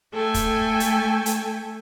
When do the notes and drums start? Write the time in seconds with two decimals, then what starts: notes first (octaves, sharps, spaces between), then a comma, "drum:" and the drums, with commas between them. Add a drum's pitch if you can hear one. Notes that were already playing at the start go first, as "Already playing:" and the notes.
0.11 A3 A4 G5 G#5
0.34 drum: kick, hi-hat
0.80 drum: hi-hat
1.26 drum: hi-hat